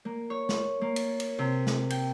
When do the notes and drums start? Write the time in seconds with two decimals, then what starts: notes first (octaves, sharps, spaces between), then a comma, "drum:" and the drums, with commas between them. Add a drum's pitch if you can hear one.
0.05 A#3
0.30 C#5
0.49 drum: snare
0.81 A#3
0.96 drum: cymbal
1.20 drum: cymbal
1.39 C3
1.67 drum: snare
1.90 G5, drum: cymbal